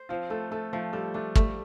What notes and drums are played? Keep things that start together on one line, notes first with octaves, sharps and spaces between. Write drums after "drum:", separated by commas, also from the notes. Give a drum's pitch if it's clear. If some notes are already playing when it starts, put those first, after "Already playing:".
Already playing: C5
F3 C4 F4
A3 A4
A3 A4
F3 A3
G3 A4
A3 D4
G3 A3, drum: kick